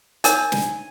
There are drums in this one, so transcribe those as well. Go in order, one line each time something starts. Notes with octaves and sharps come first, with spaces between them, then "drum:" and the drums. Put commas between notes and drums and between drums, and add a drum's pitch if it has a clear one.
D#4 A#4 C#5 G#5, drum: hi-hat
drum: snare